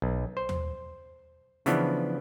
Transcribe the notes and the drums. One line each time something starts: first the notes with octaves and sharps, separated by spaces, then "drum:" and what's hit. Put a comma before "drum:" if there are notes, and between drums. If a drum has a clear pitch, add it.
B1
C5
drum: tom D#2
C#3 E3 F3 B3 D4, drum: hi-hat